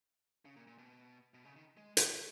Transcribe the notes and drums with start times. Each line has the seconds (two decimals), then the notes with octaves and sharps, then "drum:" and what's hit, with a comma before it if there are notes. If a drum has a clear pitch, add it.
0.45 C#3
0.56 A#2
0.67 A#2
0.78 B2
1.34 B2
1.45 C#3
1.56 D#3
1.77 G#3
1.97 drum: hi-hat